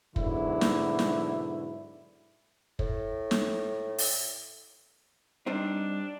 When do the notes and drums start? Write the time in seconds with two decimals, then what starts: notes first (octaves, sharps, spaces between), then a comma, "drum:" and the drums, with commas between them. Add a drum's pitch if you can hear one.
0.16 G#2 B2 D3 F#3 E4, drum: kick
0.61 drum: snare
0.99 drum: snare
2.79 A2, drum: kick
3.31 drum: snare
3.98 drum: open hi-hat
5.46 G3 C4 D4 D#4